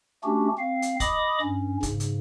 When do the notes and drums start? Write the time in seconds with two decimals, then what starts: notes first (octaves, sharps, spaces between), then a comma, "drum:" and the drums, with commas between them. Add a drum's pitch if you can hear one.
0.24 A3 C#4 D4 F#4 G4
0.58 C4 F5
0.82 drum: hi-hat
1.00 D#5 B5 D6 D#6, drum: kick, hi-hat
1.41 G2 C#4
1.83 G#2 C#3, drum: kick, hi-hat
2.00 drum: hi-hat